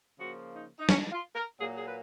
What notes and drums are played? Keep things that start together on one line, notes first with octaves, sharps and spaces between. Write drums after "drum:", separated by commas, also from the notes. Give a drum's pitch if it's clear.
C#3 F3 A#3 F#4
D#4
D#4
C#4, drum: snare
F4
A#4
A#2 F#3 A#3 G#4
G#4
B4